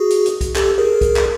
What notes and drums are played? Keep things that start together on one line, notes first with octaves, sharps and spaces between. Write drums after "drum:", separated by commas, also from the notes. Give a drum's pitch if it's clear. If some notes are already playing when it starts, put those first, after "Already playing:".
Already playing: F#4 G#4
drum: hi-hat
drum: hi-hat
drum: kick, hi-hat
G4 A4, drum: clap
G#4 A#4
drum: kick, hi-hat
drum: clap